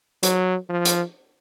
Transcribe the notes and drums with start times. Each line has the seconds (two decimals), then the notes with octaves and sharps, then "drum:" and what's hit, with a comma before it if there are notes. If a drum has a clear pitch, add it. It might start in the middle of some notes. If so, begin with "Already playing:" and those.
0.23 F#3, drum: hi-hat
0.69 F3
0.85 drum: hi-hat